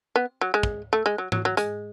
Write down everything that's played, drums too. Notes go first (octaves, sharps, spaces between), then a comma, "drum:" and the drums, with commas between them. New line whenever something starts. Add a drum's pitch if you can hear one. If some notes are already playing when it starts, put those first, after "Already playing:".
B3
F#3
G#3
drum: kick
A3
G#3
F#3
F#3, drum: tom G#2
F#3
G#3, drum: hi-hat